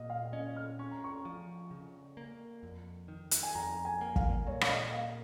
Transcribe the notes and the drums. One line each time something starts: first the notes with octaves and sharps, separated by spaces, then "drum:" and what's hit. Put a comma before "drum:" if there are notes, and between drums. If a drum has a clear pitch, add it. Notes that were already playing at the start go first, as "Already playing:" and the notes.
Already playing: A#2 A#3 D#5
F5
C#4 D#5
F6
C#4 C#6
A#5
C#6
F3
C#3
A#3
F2
D#3
drum: hi-hat
G#5
F2 A#5
G#5
A#3
F5, drum: kick
A#2 C#5
F5, drum: rim click
D#5
A#3 F5